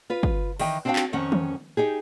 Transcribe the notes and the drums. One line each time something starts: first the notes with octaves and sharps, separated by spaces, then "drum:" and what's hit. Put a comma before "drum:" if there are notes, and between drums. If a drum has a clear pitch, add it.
F4 B4
drum: kick
D#3 E3 D#5 G5, drum: open hi-hat
C4 D4 F#4 D5 F5 G5
drum: clap
F2 D#3 C#4 F#5
drum: tom D#3
D#4 G4 G#4